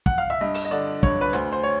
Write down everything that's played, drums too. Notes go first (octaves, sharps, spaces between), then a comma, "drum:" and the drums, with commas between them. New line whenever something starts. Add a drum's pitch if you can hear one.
F#5, drum: kick
F5
E5
G2 D#5
drum: open hi-hat
D#5
D3 D5
G2 C#5, drum: kick
B4
D2 C5, drum: hi-hat
C5
C#5